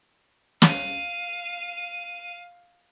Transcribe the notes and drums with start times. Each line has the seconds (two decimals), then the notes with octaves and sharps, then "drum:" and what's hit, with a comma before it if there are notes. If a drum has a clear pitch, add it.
0.62 F5 D#7, drum: snare